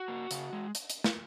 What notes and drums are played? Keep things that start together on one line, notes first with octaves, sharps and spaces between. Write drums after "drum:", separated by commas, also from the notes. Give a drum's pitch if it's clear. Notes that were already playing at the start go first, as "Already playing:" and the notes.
Already playing: F#4
A#3
C#3, drum: hi-hat
G#3
drum: hi-hat
drum: hi-hat
drum: snare